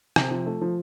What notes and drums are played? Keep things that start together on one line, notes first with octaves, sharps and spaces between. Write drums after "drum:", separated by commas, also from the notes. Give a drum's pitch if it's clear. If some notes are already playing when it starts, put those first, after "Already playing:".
C3, drum: rim click
F3
A3
F3